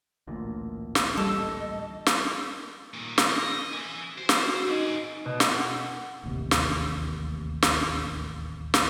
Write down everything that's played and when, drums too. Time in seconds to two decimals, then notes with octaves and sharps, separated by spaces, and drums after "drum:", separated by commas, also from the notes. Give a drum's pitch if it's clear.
0.27 A1 D2 A#2
0.95 drum: snare
1.17 G3 A4 D#5
2.06 drum: snare
2.94 A#2 D#3
3.18 drum: snare
3.30 D#5
3.73 E5 G#5
4.18 F#4 C5
4.29 drum: snare
4.68 C4 D#4 G#4
5.26 B2
5.40 drum: snare
5.49 F#5
6.23 D1 A1 D#2 C3
6.51 drum: snare
7.62 drum: snare
8.74 drum: snare